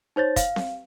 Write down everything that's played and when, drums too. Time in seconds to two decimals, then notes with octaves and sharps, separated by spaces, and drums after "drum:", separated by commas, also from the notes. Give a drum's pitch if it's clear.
0.16 D#4 C5 C#5 A6
0.36 F5, drum: kick, hi-hat
0.56 drum: snare C4